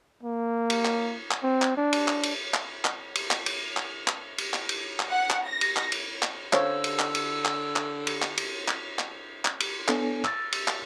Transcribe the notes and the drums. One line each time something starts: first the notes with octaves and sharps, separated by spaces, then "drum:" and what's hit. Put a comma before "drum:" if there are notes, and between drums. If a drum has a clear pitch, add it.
A#3
drum: cymbal
drum: clap
drum: clap
C4
drum: clap
D4
drum: cymbal
drum: clap
drum: cymbal
drum: clap
drum: clap
drum: cymbal
drum: clap
drum: cymbal
drum: clap
drum: clap
drum: cymbal
drum: clap
drum: cymbal
drum: clap
F#5
drum: clap
A#6
drum: cymbal
drum: clap
drum: cymbal
drum: clap
D3 C5 C#5 F5 E6, drum: clap
drum: cymbal
drum: clap
drum: cymbal
drum: clap
drum: clap
drum: cymbal
drum: clap
drum: cymbal
drum: clap
drum: clap
drum: clap
drum: cymbal
B3 D4 A4 C#5 G#5, drum: clap
E6 A6, drum: clap
drum: cymbal
drum: clap